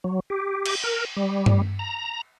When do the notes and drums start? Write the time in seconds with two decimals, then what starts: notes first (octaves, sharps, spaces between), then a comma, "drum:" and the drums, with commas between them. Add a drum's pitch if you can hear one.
0.04 F#3
0.30 G4
0.66 drum: cymbal
0.84 A#4
1.17 G3
1.46 drum: tom G2
1.79 A#5